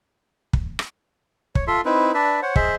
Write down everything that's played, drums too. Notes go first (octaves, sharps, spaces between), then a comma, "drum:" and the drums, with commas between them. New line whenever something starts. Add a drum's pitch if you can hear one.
drum: kick
drum: rim click
C#5, drum: kick
F4 A4 E5 C6
C4 D#4 E4 B4
D4 B4 D5 E5
C5 C#5 F#5
G#4 C5 D#5 E5, drum: kick